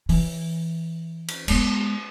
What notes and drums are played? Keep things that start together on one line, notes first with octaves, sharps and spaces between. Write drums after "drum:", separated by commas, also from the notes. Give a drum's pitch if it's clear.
E3, drum: open hi-hat
drum: cymbal
G#3 B3, drum: cymbal